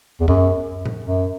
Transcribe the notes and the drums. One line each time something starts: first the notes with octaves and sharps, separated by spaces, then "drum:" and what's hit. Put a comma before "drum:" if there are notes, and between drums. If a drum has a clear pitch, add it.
E2
F#2, drum: kick
drum: tom A2
F#2